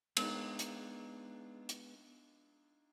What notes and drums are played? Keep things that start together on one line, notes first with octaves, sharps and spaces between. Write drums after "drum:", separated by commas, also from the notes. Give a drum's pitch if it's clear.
G#3 B3 D4 D#4 A#4, drum: cymbal
drum: hi-hat
drum: hi-hat